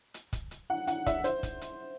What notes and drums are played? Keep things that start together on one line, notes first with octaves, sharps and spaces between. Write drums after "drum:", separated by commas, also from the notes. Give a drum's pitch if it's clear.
drum: hi-hat
drum: kick, hi-hat
drum: hi-hat
F#5
F#5, drum: hi-hat
E5, drum: kick, hi-hat
C5, drum: hi-hat
drum: kick, hi-hat
drum: hi-hat